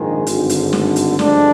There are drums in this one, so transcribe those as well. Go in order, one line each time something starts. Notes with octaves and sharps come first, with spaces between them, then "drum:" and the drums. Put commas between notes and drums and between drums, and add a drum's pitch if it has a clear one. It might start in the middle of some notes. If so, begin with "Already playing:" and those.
Already playing: A#1 G#2 D#3 G#3
G#1 G2 D3, drum: hi-hat
drum: hi-hat
drum: snare
drum: hi-hat
G2 D3 F3 G#3 D4, drum: snare